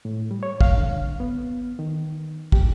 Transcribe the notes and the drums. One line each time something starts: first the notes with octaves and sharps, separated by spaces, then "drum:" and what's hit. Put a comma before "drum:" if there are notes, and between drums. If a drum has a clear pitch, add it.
A2
G3
C#5
F5, drum: kick
D3
B3
D#3
G4, drum: kick